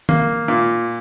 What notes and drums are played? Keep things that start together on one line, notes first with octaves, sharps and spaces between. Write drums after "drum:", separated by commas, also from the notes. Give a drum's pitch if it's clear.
A#3, drum: tom
A#2